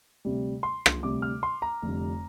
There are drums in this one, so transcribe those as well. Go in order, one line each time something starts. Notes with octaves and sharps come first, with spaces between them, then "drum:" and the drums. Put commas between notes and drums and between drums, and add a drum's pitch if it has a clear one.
D2 C3 G3
C6
drum: rim click
D2 C3 G3 D6
F6
C6
A#5
F1 F2 D3 G3